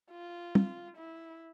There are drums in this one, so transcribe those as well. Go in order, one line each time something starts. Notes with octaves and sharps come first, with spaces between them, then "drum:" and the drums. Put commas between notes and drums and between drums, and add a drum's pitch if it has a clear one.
F4
drum: tom
E4